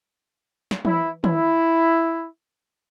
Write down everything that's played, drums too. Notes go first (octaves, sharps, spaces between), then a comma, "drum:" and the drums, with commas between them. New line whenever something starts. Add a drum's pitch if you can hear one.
drum: snare
E4, drum: tom E3
E4, drum: tom D#3